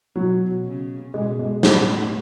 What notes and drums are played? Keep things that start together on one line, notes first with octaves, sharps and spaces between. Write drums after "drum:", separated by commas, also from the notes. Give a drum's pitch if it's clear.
B2 F#3
C#3
B2 G#3
G#3
A2, drum: snare